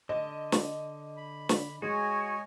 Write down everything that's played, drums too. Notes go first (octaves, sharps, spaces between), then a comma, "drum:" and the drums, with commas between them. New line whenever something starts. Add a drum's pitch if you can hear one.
D3 D#5
drum: snare
B5
drum: snare
G#3 F#4 C#5 D#5 G#5